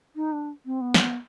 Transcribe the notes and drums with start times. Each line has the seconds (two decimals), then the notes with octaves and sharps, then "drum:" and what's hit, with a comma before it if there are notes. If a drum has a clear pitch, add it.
0.16 D#4
0.33 D4
0.66 C4
0.81 B3
0.94 drum: snare